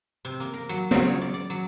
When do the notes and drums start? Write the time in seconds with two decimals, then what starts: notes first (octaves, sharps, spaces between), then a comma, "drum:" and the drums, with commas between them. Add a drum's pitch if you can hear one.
0.25 C3
0.40 A#3, drum: hi-hat
0.54 A#4
0.69 F#3
0.91 C#3, drum: snare
1.06 C#5
1.21 D5
1.34 D5
1.50 F#3